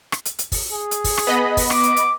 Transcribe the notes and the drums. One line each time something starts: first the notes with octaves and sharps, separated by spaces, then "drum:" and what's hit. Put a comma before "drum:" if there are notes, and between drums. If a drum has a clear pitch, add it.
drum: rim click
drum: hi-hat
drum: hi-hat
drum: kick, open hi-hat
G#4
drum: hi-hat
drum: kick, open hi-hat
drum: rim click
B3 D#5 B5
drum: kick, open hi-hat
D6, drum: rim click
drum: hi-hat
drum: hi-hat